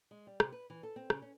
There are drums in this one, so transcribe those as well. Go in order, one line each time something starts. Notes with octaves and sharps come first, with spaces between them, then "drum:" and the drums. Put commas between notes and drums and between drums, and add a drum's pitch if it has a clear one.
G#3
G3
C3, drum: rim click
B4
E3
A4
C4
C#3, drum: rim click
C#4